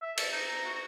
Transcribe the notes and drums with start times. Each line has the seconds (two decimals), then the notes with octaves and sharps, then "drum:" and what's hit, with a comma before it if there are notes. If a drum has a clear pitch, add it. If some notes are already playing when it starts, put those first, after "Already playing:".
0.02 E5
0.17 A4, drum: cymbal
0.31 D#4
0.48 A#5
0.65 F#4